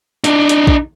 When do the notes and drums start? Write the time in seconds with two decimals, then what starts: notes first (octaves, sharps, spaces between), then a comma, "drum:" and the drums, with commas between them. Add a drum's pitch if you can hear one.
0.24 D4 D#4, drum: hi-hat
0.49 drum: hi-hat
0.67 drum: kick